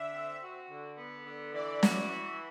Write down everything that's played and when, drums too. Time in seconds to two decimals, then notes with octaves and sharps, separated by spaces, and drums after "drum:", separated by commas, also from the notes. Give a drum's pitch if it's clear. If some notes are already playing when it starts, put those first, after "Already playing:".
Already playing: D3 E5
0.14 C4
0.42 F#4
0.70 D3
0.97 B3
1.26 D3
1.54 E3 D5
1.83 F#4, drum: snare
2.10 E3